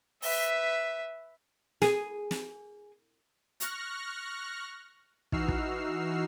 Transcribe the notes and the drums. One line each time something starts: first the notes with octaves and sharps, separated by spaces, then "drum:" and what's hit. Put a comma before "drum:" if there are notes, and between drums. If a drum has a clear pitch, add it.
B4 E5, drum: open hi-hat
G#4, drum: snare
drum: snare
C#6 F6 F#6 A#6, drum: hi-hat
E3 D#4 F#4 E6 F6 C7, drum: kick
drum: kick